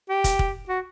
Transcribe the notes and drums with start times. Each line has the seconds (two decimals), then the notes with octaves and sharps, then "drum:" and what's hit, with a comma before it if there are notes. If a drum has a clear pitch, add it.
0.09 G4
0.24 drum: kick, hi-hat
0.39 drum: kick
0.69 F#4